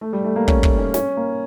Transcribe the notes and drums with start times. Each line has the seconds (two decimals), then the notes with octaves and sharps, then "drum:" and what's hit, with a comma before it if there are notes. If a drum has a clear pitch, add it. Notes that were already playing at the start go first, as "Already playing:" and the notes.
0.01 A3
0.13 G3
0.25 A3
0.36 A#3
0.48 C#4, drum: kick
0.63 A3, drum: kick
0.79 C#4
0.94 C#4, drum: snare
1.17 A#3